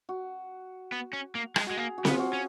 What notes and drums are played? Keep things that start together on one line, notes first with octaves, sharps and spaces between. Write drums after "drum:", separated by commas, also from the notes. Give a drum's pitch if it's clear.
F#4
B3
C#4
A#3
G#3, drum: rim click
G#3 F#4
A#3 G#4
F#4
B3, drum: snare C4
F4
F#4
C#4